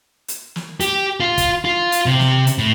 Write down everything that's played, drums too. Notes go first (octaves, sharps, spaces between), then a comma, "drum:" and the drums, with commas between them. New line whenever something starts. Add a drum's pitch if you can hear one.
drum: hi-hat
drum: snare
G4, drum: hi-hat
F4
drum: kick, hi-hat
F4
drum: hi-hat
C3
drum: snare
drum: hi-hat
A2